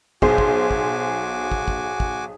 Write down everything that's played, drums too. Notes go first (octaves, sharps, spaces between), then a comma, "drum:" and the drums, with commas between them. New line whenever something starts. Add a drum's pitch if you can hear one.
B1 F#4 G#4 C5 G#5 D6, drum: kick
drum: kick
drum: kick
drum: kick
drum: kick
drum: kick